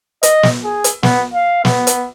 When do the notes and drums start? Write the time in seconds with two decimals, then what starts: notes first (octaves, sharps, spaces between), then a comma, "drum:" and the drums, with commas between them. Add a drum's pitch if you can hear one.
0.23 D#5, drum: hi-hat
0.43 drum: snare
0.64 G#4
0.84 drum: hi-hat
1.03 B3, drum: snare
1.34 F5
1.65 B3, drum: snare
1.87 drum: hi-hat